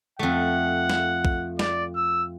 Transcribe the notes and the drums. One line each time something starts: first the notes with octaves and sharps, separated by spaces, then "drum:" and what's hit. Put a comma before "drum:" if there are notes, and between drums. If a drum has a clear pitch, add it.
F2 A3 F#5
drum: snare
drum: kick A#1
D5, drum: snare
E6